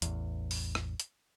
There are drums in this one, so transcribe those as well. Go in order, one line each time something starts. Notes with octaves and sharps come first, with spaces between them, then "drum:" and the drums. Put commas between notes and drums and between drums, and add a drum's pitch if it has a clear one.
A1 E2, drum: hi-hat
drum: open hi-hat
drum: rim click
drum: hi-hat